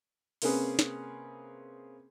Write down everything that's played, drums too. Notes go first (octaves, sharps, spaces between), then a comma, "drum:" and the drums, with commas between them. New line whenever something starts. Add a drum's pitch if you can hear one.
C3 A#3 C4 C#4 G#4 B4, drum: open hi-hat
drum: snare